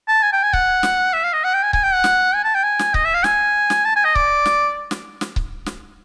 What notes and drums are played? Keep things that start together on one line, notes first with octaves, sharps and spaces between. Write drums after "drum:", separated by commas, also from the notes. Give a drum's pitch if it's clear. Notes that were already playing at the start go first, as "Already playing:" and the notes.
A5
G#5
G5
G#5
F#5, drum: kick C#1
drum: snare
E5
F5
D#5
F#5
G5
G#5
G#5, drum: kick C#1
G5
F#5
drum: snare
G#5
A5
G5
G#5
drum: snare
D#5, drum: kick C#1
E5
F5
G#5, drum: snare
drum: snare
A5
G#5
D#5
D5, drum: kick C#1
drum: snare
drum: snare
drum: snare
drum: kick C#1
drum: snare